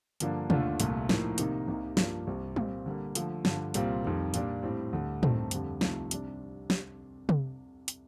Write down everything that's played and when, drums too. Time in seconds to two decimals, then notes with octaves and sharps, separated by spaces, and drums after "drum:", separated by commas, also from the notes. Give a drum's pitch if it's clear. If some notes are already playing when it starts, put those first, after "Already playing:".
0.20 G2 D3 F3 A#3 D4, drum: hi-hat
0.50 D#2 D3 A3 D4 F4, drum: tom
0.80 C2 A#2 A3, drum: hi-hat
1.09 A2 F3 A#3 D#4, drum: snare
1.38 C3 D#3 A#3 D#4, drum: hi-hat
1.68 C2 C3 G3 A#3 D#4
1.97 G2 F3 A#3 D4 F4, drum: snare
2.27 C2 C3 G3 C4
2.56 A#2 G3 C4, drum: tom G3
2.86 D3 G3 A#3
3.15 D3 F3 A3, drum: hi-hat
3.45 G2 D3 F3, drum: snare
3.74 C2 A#2 G3 C4 F4, drum: hi-hat
4.05 F2 D#3 G3
4.34 A#2 G3 D4, drum: hi-hat
4.63 A2 G3 C4
4.93 D2 D3 G3
5.23 G2 D#3 A3 C4 D#4, drum: tom
5.51 F2 D3 G3, drum: hi-hat
5.81 C2 C3 F3 A3 D#4, drum: snare
6.11 C3 G3 D4, drum: hi-hat
6.70 drum: snare
7.29 drum: tom
7.88 drum: hi-hat